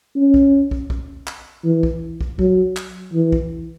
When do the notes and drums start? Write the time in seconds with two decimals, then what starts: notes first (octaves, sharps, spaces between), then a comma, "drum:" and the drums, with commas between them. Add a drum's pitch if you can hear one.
0.16 C#4
0.34 drum: kick
0.71 drum: kick
0.90 drum: kick
1.27 drum: clap
1.65 E3
1.83 drum: kick
2.21 drum: kick
2.39 F#3, drum: kick
2.76 drum: clap
3.14 E3
3.32 drum: kick